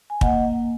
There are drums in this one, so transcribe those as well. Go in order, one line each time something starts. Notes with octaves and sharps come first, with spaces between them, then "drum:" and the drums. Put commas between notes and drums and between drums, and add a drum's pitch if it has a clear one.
G#5
A#3 D#5 F#5, drum: kick